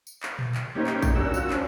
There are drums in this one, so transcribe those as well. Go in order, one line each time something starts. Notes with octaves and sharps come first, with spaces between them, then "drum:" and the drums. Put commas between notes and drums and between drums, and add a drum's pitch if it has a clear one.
drum: tambourine
drum: clap
drum: tom A#2
drum: clap
A#3 C#4 D#4 G4 C5
drum: clap
drum: kick, tambourine
C#4 D4 F#4 A#4 E6
F4, drum: tambourine
C#4 D4 C5, drum: clap